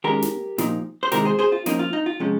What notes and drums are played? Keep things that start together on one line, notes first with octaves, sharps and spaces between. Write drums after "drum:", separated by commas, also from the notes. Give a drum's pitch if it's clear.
D#3 G#3 C#4 G4 A#4
drum: snare
A#2 F3 A#3 D#4, drum: snare
C5
C3 D#3 G#3 G4 A#4, drum: snare
G#4 C5
G#4 C5
F4
F3 A#3 C#4 D#4, drum: snare
F4
D#4
F4
C3 F3 G#3 C#4